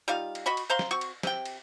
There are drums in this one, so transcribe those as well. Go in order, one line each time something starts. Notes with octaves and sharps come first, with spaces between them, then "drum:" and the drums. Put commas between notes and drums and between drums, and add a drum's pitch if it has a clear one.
G3 D#4 F4 F5
drum: cymbal
F#4 D#5 B5 C#6
drum: cymbal
C5 F5 A#5 C6
drum: snare
C4 F#4 C#6
drum: cymbal
C3 G5, drum: snare
drum: cymbal